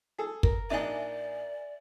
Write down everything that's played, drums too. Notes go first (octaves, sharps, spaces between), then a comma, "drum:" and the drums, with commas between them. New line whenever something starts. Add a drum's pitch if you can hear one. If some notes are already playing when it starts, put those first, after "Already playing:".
G#4 A4
A#4, drum: kick
A#1 D4 D#4 D5 E5 G#5